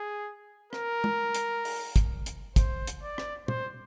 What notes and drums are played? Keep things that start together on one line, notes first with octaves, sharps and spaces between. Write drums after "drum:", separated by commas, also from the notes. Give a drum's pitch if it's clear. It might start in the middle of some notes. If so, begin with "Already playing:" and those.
Already playing: G#4
A#4, drum: rim click
drum: tom
drum: hi-hat
drum: open hi-hat
drum: kick, hi-hat
drum: hi-hat
C5, drum: kick, hi-hat
drum: hi-hat
D5
drum: rim click
C5, drum: tom